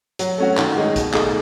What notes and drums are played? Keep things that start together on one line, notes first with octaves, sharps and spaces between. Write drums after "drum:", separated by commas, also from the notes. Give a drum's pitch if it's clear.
F#3, drum: hi-hat
A3 C#4 F#4
D#3, drum: clap
G#3 D#4 G#4
B2, drum: kick, hi-hat
A3 D#4 G#4, drum: clap